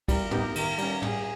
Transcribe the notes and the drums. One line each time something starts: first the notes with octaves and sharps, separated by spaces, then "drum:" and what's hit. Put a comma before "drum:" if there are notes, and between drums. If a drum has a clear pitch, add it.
G3 A#4, drum: kick, cymbal
B3 D#4 G4, drum: tom
D#3, drum: cymbal
G3 C#4, drum: cymbal
G3 G#4, drum: tom